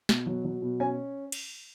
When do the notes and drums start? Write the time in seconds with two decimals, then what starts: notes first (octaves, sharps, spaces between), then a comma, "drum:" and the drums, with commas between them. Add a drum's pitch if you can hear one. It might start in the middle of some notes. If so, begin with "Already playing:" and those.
0.09 B2, drum: snare
0.26 F#3
0.44 F#3
0.62 B2
0.80 C#4 G#5
1.32 drum: cymbal